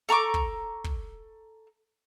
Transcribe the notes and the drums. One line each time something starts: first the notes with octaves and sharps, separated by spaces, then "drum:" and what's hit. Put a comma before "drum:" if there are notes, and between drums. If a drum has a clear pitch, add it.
A4 A#5 C#6 D6
drum: kick
drum: kick